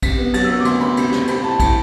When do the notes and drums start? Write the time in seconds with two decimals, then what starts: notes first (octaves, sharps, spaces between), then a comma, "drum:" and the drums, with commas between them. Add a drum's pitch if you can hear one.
0.02 C3 B6, drum: kick A#1, cymbal
0.18 B3
0.34 F#3 A6, drum: cymbal
0.44 E6
0.50 B3
0.60 D6
0.65 D2 C6, drum: cymbal
0.81 B3 B5
0.97 C3, drum: cymbal
1.12 C3, drum: snare
1.27 C4 B5, drum: cymbal
1.44 A2 A5
1.60 A2, drum: kick A#1, cymbal